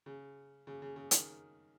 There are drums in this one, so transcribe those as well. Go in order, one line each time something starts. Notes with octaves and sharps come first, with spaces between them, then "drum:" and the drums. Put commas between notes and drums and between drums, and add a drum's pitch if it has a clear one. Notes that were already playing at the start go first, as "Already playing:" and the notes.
C#3
C#3
C#3
C#3
D#3, drum: hi-hat